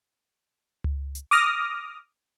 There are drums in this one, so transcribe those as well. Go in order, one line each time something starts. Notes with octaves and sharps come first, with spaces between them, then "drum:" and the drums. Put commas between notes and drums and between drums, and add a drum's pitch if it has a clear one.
drum: tom C#2
drum: hi-hat
D6 D#6 F6 A#6